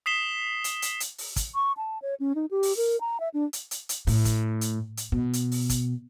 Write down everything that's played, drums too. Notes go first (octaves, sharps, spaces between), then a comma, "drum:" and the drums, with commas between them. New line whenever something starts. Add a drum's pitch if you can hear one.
D#6 B6 C7 E7 G7
drum: hi-hat
drum: hi-hat
drum: hi-hat
drum: open hi-hat
drum: kick, hi-hat
C#6
A5
C#5
C#4
D#4
G4
drum: open hi-hat
A#4
A#5
E5
D4
drum: hi-hat
drum: hi-hat
drum: hi-hat
A2, drum: open hi-hat
drum: kick, hi-hat
drum: hi-hat
drum: hi-hat
B2
drum: hi-hat
drum: open hi-hat
drum: kick, hi-hat